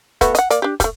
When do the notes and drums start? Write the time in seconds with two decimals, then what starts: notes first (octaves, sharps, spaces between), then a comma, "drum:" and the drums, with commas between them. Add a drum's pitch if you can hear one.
0.21 A3 B3 F#4, drum: kick, hi-hat
0.35 D#5 F#5, drum: hi-hat
0.50 A#3 D5, drum: hi-hat
0.62 D4 G4
0.80 G3 A3, drum: kick, hi-hat